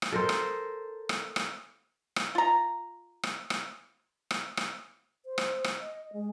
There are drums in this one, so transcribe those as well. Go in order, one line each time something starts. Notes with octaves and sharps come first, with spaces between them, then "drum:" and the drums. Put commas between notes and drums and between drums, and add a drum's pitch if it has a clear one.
drum: rim click
A4 A#4 C5
drum: rim click
drum: rim click
drum: rim click
drum: rim click
F4 A#5
drum: rim click
drum: rim click
drum: rim click
drum: rim click
C5
drum: rim click
drum: rim click
D#5
G#3